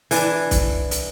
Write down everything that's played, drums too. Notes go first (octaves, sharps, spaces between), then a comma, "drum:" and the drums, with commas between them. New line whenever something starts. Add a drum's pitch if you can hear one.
E3 D4, drum: open hi-hat
drum: kick, hi-hat
drum: hi-hat